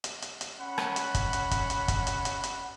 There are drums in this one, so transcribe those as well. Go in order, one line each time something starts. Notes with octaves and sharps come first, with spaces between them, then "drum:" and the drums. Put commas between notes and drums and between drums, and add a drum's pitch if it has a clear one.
drum: hi-hat
drum: hi-hat
drum: hi-hat
C#4 F#5 B5
drum: rim click
drum: hi-hat
drum: kick, hi-hat
drum: hi-hat
drum: kick, hi-hat
drum: hi-hat
drum: kick, hi-hat
drum: hi-hat
drum: hi-hat
drum: hi-hat